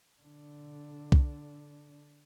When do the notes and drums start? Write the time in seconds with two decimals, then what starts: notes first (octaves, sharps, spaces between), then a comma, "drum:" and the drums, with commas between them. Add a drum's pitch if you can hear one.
0.22 D3 D4
1.12 drum: kick C2